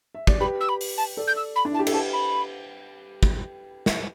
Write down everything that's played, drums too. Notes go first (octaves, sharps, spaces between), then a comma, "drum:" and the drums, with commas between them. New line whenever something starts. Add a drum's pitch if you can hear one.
E5
D5, drum: kick
G4 B4 B5
E6
B5
drum: open hi-hat
A5
A4 D5
G6
E6
B5
D4
E4
A5
G4
A4, drum: cymbal
G4 B4 A5
B5
drum: kick
drum: snare